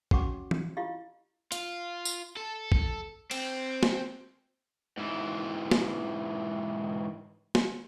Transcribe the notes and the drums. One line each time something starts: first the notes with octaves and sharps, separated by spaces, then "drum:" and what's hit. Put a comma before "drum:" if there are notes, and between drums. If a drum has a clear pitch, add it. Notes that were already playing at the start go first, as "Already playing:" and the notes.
C#4 F#4 C#5 F#5 C#6 D6, drum: kick
drum: tom
E4 F4 G4 D#5 F5
F4, drum: hi-hat
drum: tambourine
A4
drum: kick
C4, drum: cymbal
drum: snare
G#2 E3
drum: snare
drum: snare